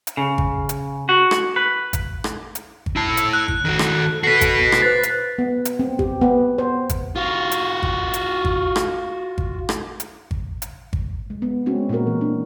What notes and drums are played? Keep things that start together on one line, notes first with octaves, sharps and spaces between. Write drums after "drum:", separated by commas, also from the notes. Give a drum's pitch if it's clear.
drum: hi-hat
C#3
drum: kick G#1
drum: hi-hat
F#4
drum: rim click
B4
drum: kick G#1, hi-hat
drum: rim click
drum: hi-hat
drum: kick G#1
E4 A5 E6
drum: hi-hat
F#6
drum: kick G#1
D#3 F#4 A4
drum: rim click
F#4 B4 B6 C7
drum: kick G#1, hi-hat
drum: rim click
B4 C5 F#6 A6
drum: hi-hat
B3
drum: hi-hat
C4
G4, drum: kick G#1
B3
C5
drum: kick G#1, hi-hat
F4 F#4
drum: hi-hat
drum: kick G#1
drum: hi-hat
drum: kick G#1
drum: rim click
drum: kick G#1
drum: rim click
drum: hi-hat
drum: kick G#1
drum: hi-hat
drum: kick G#1
G#3
B3
G#3 C4 C#4 F#4
A#2 A#3 F4 F#4 A#4
E3
D4